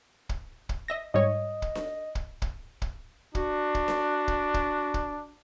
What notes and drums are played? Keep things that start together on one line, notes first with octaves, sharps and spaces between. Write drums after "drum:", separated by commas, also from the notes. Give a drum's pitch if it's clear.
drum: kick
drum: kick
D#5 E5 A#6
G#2 G3 C#5 D#5
drum: kick
drum: snare D4
drum: kick
drum: kick
drum: kick
D4 F#4, drum: kick
drum: kick
drum: snare D4
drum: kick
drum: kick
drum: kick